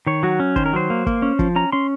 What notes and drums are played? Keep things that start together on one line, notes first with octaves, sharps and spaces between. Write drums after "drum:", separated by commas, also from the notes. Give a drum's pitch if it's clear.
D#3 C#5
F#3 F#4
C#4
D#3 C5, drum: kick
A#4
F#3 C5
A#3
A#3, drum: kick
C#4
F3, drum: kick
C#4 A#5
C#4 C6